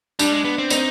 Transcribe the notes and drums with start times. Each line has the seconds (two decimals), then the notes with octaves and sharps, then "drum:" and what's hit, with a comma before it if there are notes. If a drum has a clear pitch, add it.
0.19 G3 D4, drum: tambourine
0.32 G#3
0.45 B3
0.58 C4
0.70 C4 D#4, drum: tambourine